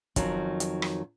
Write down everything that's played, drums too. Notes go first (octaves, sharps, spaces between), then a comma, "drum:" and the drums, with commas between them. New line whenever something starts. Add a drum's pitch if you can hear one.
F2 D#3 F#3 C#4, drum: kick, hi-hat
drum: hi-hat
drum: rim click